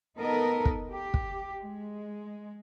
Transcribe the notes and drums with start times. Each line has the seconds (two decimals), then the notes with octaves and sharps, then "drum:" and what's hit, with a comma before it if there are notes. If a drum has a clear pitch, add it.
0.18 B3 D#4 A4 A#4 D#5
0.65 drum: kick
0.90 G4
1.14 drum: kick
1.62 G#3